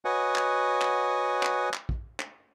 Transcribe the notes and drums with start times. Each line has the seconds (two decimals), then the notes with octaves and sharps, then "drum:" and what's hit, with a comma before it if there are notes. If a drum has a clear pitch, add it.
0.05 F#4 B4 C#5 D#5 F#5 G#5
0.36 drum: clap
0.82 drum: clap
1.43 drum: clap
1.74 drum: clap
1.89 drum: kick
2.20 drum: clap